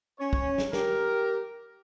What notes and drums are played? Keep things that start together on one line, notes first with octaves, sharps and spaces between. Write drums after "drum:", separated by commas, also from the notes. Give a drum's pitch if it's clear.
C#4 C#5
drum: kick
drum: snare
G4 A#4, drum: snare